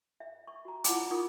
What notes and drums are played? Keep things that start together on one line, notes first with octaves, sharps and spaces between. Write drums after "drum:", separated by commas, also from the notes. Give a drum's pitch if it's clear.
E5
C#6
F#4 A#5
E4 F4 F#5 A5 B5 D6, drum: hi-hat
D#4 F4 A#4 C#6 D#6 E6